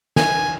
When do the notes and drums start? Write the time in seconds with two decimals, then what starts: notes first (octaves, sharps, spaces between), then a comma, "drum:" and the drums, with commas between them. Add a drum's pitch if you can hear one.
0.16 G#5, drum: snare